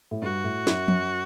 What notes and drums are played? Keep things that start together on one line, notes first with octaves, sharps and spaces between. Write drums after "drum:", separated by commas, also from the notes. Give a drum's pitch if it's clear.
A2
G2 F#4
A2
F#2, drum: snare
F#2, drum: tom